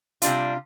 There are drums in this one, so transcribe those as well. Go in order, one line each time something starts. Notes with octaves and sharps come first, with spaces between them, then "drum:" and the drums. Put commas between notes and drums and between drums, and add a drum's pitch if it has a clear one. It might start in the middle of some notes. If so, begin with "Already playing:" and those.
C3 G3 D4 F4, drum: hi-hat